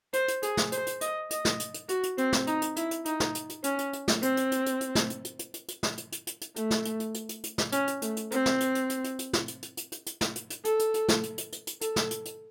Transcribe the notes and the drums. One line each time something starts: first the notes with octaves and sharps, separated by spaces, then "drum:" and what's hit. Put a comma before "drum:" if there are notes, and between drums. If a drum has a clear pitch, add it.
C5, drum: hi-hat
drum: hi-hat
G#4, drum: hi-hat
drum: snare
C5, drum: hi-hat
drum: hi-hat
D#5, drum: hi-hat
D#5, drum: hi-hat
drum: snare
drum: hi-hat
drum: hi-hat
F#4, drum: hi-hat
drum: hi-hat
C4, drum: hi-hat
drum: snare
D#4, drum: hi-hat
drum: hi-hat
E4, drum: hi-hat
drum: hi-hat
D#4, drum: hi-hat
drum: snare
drum: hi-hat
drum: hi-hat
C#4, drum: hi-hat
drum: hi-hat
drum: hi-hat
drum: snare
C4, drum: hi-hat
drum: hi-hat
drum: hi-hat
drum: hi-hat
drum: hi-hat
drum: snare
drum: hi-hat
drum: hi-hat
drum: hi-hat
drum: hi-hat
drum: hi-hat
drum: snare
drum: hi-hat
drum: hi-hat
drum: hi-hat
drum: hi-hat
A3, drum: hi-hat
drum: snare
drum: hi-hat
drum: hi-hat
drum: hi-hat
drum: hi-hat
drum: hi-hat
drum: snare
C#4, drum: hi-hat
drum: hi-hat
A3, drum: hi-hat
drum: hi-hat
C4, drum: hi-hat
drum: snare
drum: hi-hat
drum: hi-hat
drum: hi-hat
drum: hi-hat
drum: hi-hat
drum: snare
drum: hi-hat
drum: hi-hat
drum: hi-hat
drum: hi-hat
drum: hi-hat
drum: snare
drum: hi-hat
drum: hi-hat
A4, drum: hi-hat
drum: hi-hat
drum: hi-hat
drum: snare
drum: hi-hat
drum: hi-hat
drum: hi-hat
drum: hi-hat
A4, drum: hi-hat
drum: snare
drum: hi-hat
drum: hi-hat